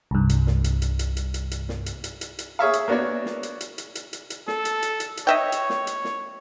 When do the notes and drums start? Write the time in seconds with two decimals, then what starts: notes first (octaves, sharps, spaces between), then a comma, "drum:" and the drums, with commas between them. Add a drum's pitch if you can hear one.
0.11 C2 G2
0.29 drum: hi-hat
0.47 drum: snare
0.64 drum: hi-hat
0.82 drum: hi-hat
0.99 drum: hi-hat
1.17 drum: hi-hat
1.34 drum: hi-hat
1.51 drum: hi-hat
1.69 drum: snare
1.86 drum: hi-hat
2.04 drum: hi-hat
2.21 drum: hi-hat
2.39 drum: hi-hat
2.59 G#4 C#5 E5 F5
2.73 drum: hi-hat
2.88 A#3 B3 D4 F#4 C#5
3.26 drum: snare
3.43 drum: hi-hat
3.60 drum: hi-hat
3.78 drum: hi-hat
3.95 drum: hi-hat
4.13 drum: hi-hat
4.30 drum: hi-hat
4.48 A4, drum: snare
4.65 drum: hi-hat
4.82 drum: hi-hat
5.00 drum: hi-hat
5.17 drum: hi-hat
5.27 C#5 D#5 E5 G5
5.52 drum: hi-hat
5.70 drum: snare
5.87 drum: hi-hat
6.04 drum: snare